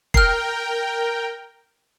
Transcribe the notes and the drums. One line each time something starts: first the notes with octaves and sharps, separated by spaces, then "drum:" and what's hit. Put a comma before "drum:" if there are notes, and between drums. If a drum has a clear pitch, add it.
A#4 G5 F6 C7, drum: kick E1